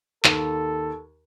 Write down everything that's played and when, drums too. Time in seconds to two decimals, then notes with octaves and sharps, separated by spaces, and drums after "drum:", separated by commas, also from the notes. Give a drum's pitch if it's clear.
0.25 D#2 A4, drum: clap